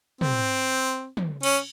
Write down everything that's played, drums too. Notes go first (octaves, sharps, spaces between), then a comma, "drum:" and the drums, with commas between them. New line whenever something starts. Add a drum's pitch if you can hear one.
C4, drum: tom
drum: tom
C#4, drum: cymbal